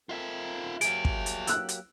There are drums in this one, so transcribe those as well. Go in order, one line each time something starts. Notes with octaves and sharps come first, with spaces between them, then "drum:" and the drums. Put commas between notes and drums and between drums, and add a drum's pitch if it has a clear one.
C4 F4 A4 A#4 E5
F#3 A#3 G4 G#4 E5 D7, drum: hi-hat
drum: kick
drum: hi-hat
E6 F#6, drum: hi-hat
drum: hi-hat